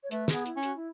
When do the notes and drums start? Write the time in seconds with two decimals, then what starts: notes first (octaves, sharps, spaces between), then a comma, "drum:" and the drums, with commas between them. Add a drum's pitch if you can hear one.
0.03 C#5
0.11 A3 B4, drum: hi-hat
0.28 G#4, drum: snare
0.34 B3
0.46 E4, drum: hi-hat
0.57 C#4
0.63 F#4, drum: hi-hat
0.75 E4